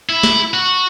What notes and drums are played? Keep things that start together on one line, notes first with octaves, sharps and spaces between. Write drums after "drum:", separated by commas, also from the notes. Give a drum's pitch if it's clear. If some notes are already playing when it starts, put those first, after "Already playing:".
E4
drum: snare
F#4